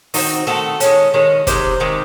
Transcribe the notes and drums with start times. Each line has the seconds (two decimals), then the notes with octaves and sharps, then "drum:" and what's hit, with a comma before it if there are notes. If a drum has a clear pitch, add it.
0.14 D#3 A3 C4 D#4 F#4, drum: open hi-hat
0.47 D#3 A3 C4 F#4 A4
0.80 D#3 G#3 C#4, drum: hi-hat
1.14 D#3 G#3 C#4
1.47 C3 D#3 G#3 C5, drum: kick, hi-hat
1.80 C3 D#3 G#3